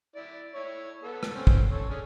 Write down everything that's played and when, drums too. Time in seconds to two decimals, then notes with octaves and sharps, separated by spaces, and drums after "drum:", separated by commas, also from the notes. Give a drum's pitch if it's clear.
0.16 E4 D5
0.55 E4 C#5
1.03 B3 A4
1.23 drum: rim click
1.35 C4 C#4
1.47 drum: kick
1.71 A4 C#5
1.90 C#4 D4 G#4